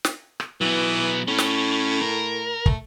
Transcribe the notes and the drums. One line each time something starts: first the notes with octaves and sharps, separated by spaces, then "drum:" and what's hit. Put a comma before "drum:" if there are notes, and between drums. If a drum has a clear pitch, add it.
drum: snare
drum: rim click
E3 F#3 B3
A2 C#4
drum: snare
A#4
A3, drum: kick